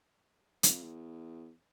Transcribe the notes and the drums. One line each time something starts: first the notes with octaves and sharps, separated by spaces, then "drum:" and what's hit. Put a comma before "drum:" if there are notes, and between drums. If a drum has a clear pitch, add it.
G2, drum: hi-hat
F2
E2